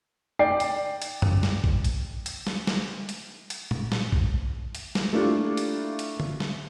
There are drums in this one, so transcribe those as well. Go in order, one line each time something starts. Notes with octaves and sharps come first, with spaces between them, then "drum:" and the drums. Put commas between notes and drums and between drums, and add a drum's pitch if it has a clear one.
D5 G5 C7
drum: hi-hat
drum: hi-hat
drum: tom F#2
drum: snare
drum: kick
drum: hi-hat
drum: hi-hat
drum: snare
drum: snare
drum: hi-hat
drum: hi-hat
drum: tom
drum: snare
drum: kick
drum: hi-hat
drum: snare
A3 A#3 D4 E4 F4 G4
drum: hi-hat
drum: hi-hat
drum: tom D3
drum: snare